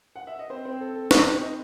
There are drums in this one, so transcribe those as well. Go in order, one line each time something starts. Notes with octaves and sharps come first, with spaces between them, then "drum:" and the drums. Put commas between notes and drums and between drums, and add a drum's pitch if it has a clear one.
F#5
E5
D#5
C4 C5
C4 C5
A4
A4
B4, drum: snare
C4 C5
D#4 D#5